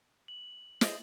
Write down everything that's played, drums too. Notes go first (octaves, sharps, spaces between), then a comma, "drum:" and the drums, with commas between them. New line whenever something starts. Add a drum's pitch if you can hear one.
F#7
G#4 C5 D#5, drum: snare